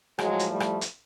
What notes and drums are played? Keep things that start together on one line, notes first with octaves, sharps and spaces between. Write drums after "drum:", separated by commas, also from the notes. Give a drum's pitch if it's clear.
A2 F3 F#3 G#3, drum: rim click
drum: hi-hat
G3 A3
drum: rim click
drum: hi-hat